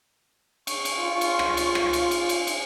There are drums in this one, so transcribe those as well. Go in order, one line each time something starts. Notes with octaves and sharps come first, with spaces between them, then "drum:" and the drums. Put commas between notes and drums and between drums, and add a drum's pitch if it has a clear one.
C#6, drum: cymbal
drum: cymbal
F4
drum: cymbal
drum: rim click
drum: cymbal
drum: rim click
drum: cymbal
drum: cymbal
drum: cymbal
drum: cymbal